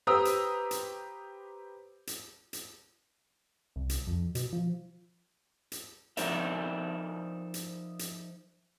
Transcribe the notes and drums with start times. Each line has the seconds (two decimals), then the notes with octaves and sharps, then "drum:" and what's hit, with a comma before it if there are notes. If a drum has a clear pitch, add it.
0.07 G4 B4 C5 A#5 D#6 E6
0.25 drum: hi-hat
0.71 drum: hi-hat
2.07 drum: hi-hat
2.53 drum: hi-hat
3.76 C2
3.89 drum: hi-hat
4.07 F2
4.35 B2, drum: hi-hat
4.53 F3
5.72 drum: hi-hat
6.17 F3 D#4 A#4 C5 D5 E5, drum: hi-hat
7.54 drum: hi-hat
7.99 drum: hi-hat